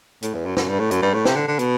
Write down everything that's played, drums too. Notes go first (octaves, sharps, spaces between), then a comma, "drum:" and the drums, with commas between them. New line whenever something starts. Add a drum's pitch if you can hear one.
A2, drum: hi-hat
E2
F#2
F#2, drum: snare
G2
A2
F#2, drum: hi-hat
G2
A2
C3, drum: snare
D3
D3
B2, drum: hi-hat